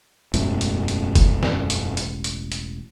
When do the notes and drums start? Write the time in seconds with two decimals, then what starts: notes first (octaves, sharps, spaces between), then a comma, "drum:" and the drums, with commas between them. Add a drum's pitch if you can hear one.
0.34 E1 A1 F#2 E3 F#3, drum: hi-hat
0.61 drum: hi-hat
0.88 drum: hi-hat
1.15 drum: kick, hi-hat
1.43 drum: snare
1.70 drum: hi-hat
1.97 drum: hi-hat
2.24 drum: hi-hat
2.52 drum: hi-hat